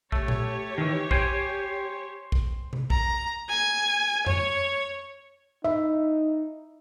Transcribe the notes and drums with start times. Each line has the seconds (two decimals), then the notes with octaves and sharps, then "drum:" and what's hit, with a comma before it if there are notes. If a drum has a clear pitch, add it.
0.12 A3 G4 C#5, drum: kick A#1
0.28 drum: tom A#2
0.78 D#3 E3
1.11 C5 G5 G#5, drum: kick A#1
2.32 drum: kick A#1
2.73 drum: tom C3
2.90 A#5, drum: kick A#1
3.49 G#5
4.26 C#5, drum: tom F2
5.65 D#4 E5